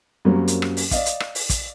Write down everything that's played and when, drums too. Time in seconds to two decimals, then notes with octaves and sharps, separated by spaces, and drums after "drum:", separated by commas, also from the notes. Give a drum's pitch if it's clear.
0.25 F#2 F#3 G3 A#3 C4 C#4
0.48 drum: hi-hat
0.62 drum: rim click
0.77 drum: open hi-hat
0.91 D5 D#5 F5, drum: kick, hi-hat
1.06 drum: hi-hat
1.20 drum: rim click
1.35 drum: open hi-hat
1.50 drum: kick, hi-hat